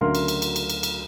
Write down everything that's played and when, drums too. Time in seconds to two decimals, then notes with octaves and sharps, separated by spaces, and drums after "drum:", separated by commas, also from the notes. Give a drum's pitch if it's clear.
0.01 D2 C#3 F#3 A#4 F5 C6
0.15 drum: cymbal
0.28 drum: cymbal
0.42 drum: cymbal
0.56 drum: cymbal
0.70 drum: cymbal
0.83 drum: cymbal